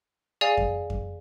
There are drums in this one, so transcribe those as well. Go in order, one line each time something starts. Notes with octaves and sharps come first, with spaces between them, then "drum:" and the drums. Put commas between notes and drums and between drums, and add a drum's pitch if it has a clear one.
G#4 D5 F5 G#5
drum: kick F2
drum: kick F2